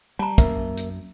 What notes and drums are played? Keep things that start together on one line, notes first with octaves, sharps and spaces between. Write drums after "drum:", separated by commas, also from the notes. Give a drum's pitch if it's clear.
G3 A5 A#5
F#2 A#3 A#4 E5, drum: kick, hi-hat
drum: hi-hat